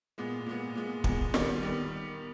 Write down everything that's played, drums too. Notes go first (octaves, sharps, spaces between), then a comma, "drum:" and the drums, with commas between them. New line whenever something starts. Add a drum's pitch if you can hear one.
A#2 G#3 B3
A#2 G#3 B3
A#2 G#3 B3
A#2 G#3 B3, drum: kick
D#3 G3 B3, drum: snare
D#3 G3 B3